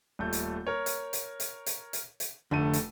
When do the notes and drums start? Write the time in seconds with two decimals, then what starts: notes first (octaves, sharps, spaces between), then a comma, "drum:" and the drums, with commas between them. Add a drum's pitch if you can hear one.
0.19 D#1 A3 G6
0.33 drum: hi-hat
0.67 A#4 C#5
0.86 drum: hi-hat
1.13 drum: hi-hat
1.40 drum: hi-hat
1.66 drum: hi-hat
1.93 drum: hi-hat
2.20 drum: hi-hat
2.51 F1 D3 A3 D#7
2.73 drum: hi-hat